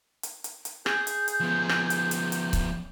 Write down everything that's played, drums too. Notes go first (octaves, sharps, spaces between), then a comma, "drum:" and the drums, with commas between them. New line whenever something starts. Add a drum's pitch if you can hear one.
drum: hi-hat
drum: hi-hat
drum: hi-hat
G#4 G6, drum: rim click
drum: hi-hat
drum: hi-hat
F3 B3
drum: rim click
drum: hi-hat
drum: hi-hat
drum: hi-hat
drum: kick C#1, hi-hat